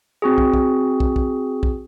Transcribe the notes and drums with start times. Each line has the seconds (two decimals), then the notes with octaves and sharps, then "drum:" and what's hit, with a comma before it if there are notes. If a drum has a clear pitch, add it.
0.22 C4 F#4 G#4
0.38 drum: kick
0.53 drum: kick
1.00 drum: kick
1.16 drum: kick
1.63 drum: kick